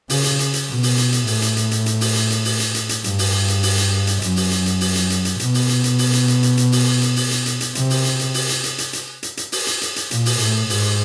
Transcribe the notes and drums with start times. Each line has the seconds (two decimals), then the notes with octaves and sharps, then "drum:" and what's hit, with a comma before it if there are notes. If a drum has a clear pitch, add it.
0.10 C#3, drum: open hi-hat
0.24 drum: hi-hat
0.39 drum: hi-hat
0.54 drum: hi-hat
0.69 B2
0.83 drum: open hi-hat
0.98 drum: hi-hat
1.13 drum: hi-hat
1.27 A2, drum: open hi-hat
1.42 drum: hi-hat
1.57 drum: hi-hat
1.71 drum: hi-hat
1.86 drum: hi-hat
2.01 drum: open hi-hat
2.16 drum: hi-hat
2.30 drum: hi-hat
2.45 drum: open hi-hat
2.60 drum: hi-hat
2.75 drum: hi-hat
2.89 drum: hi-hat
3.04 G2, drum: hi-hat
3.19 drum: open hi-hat
3.48 drum: hi-hat
3.63 drum: open hi-hat
3.78 drum: hi-hat
4.07 drum: hi-hat
4.22 F#2, drum: hi-hat
4.37 drum: open hi-hat
4.51 drum: hi-hat
4.66 drum: hi-hat
4.81 drum: open hi-hat
4.95 drum: hi-hat
5.10 drum: hi-hat
5.25 drum: hi-hat
5.40 B2, drum: hi-hat
5.54 drum: open hi-hat
5.69 drum: hi-hat
5.84 drum: hi-hat
5.99 drum: open hi-hat
6.13 drum: hi-hat
6.28 drum: hi-hat
6.43 drum: hi-hat
6.57 drum: hi-hat
6.72 drum: open hi-hat
7.02 drum: hi-hat
7.16 drum: open hi-hat
7.31 drum: hi-hat
7.46 drum: hi-hat
7.61 drum: hi-hat
7.75 C3, drum: hi-hat
7.90 drum: open hi-hat
8.05 drum: hi-hat
8.20 drum: hi-hat
8.34 drum: open hi-hat
8.49 drum: hi-hat
8.64 drum: hi-hat
8.78 drum: hi-hat
8.93 drum: hi-hat
9.23 drum: hi-hat
9.37 drum: hi-hat
9.52 drum: open hi-hat
9.67 drum: hi-hat
9.82 drum: hi-hat
9.96 drum: hi-hat
10.11 A#2, drum: hi-hat
10.26 drum: open hi-hat
10.40 A2, drum: hi-hat
10.70 G#2, drum: open hi-hat